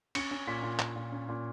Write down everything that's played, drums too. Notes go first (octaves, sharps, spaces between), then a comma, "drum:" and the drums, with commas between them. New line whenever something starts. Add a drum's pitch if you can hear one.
C#4 C#7, drum: cymbal
C#4
A#2 B6
A#2
A#2, drum: clap
A#2
C#4
A#2